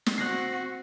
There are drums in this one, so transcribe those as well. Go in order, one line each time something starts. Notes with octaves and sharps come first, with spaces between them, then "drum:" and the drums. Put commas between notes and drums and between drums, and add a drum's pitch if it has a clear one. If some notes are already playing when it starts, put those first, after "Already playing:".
drum: snare
C4 F#4 F#6 A#6 C7